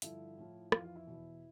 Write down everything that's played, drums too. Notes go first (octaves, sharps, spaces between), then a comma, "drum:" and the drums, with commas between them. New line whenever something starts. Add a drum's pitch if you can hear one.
G2 D3 F3 E4, drum: hi-hat
A2 F3
F2 E3 F4, drum: rim click
F4
E4
E2 B2